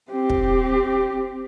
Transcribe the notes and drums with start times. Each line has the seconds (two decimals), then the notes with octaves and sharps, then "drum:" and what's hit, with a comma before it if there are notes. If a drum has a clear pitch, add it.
0.11 C4 G4
0.30 drum: kick